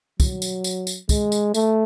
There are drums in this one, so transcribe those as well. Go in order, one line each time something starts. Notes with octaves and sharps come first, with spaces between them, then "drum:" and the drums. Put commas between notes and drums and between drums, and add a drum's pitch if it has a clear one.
F#3, drum: kick, tambourine
drum: tambourine
drum: tambourine
drum: tambourine
G#3, drum: kick, tambourine
drum: tambourine
A3, drum: tambourine